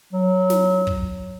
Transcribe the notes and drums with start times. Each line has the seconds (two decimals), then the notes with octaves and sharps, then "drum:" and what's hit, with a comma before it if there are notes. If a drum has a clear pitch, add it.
0.13 F#3
0.50 drum: snare
0.87 drum: kick